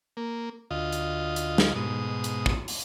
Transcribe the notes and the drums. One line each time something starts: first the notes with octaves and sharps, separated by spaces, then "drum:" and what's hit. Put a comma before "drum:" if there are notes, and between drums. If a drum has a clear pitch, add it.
A#3
D2 F4 D#5
drum: hi-hat
drum: hi-hat
drum: snare
G#2 B2 D#6
drum: hi-hat
drum: kick
drum: open hi-hat